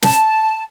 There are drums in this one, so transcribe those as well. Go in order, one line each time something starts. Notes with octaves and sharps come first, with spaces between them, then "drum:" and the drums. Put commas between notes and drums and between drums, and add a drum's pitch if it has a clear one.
A5, drum: snare